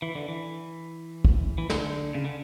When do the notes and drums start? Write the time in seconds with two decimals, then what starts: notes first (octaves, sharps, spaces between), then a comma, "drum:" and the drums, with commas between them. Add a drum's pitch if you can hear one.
0.02 E3
0.15 D3
0.28 E3
1.25 drum: kick
1.58 E3
1.70 D3, drum: snare
2.14 C#3
2.25 D3